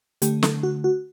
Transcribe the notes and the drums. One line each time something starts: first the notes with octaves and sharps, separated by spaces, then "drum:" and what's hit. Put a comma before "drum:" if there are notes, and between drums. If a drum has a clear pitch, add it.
D3 A3 G4, drum: hi-hat
A4, drum: snare
F#4
F#4